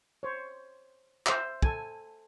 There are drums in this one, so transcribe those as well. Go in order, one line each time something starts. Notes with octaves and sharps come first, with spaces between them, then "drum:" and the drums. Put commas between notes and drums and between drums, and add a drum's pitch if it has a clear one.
C5 C#5
C5 E5, drum: clap
A4 G#5, drum: kick